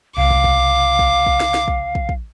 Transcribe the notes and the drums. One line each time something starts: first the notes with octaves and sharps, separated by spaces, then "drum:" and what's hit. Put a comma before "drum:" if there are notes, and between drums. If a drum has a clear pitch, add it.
C2 C#3 F5 D6
drum: kick
drum: kick
drum: kick
drum: kick
drum: snare
drum: snare
drum: kick
drum: kick
drum: kick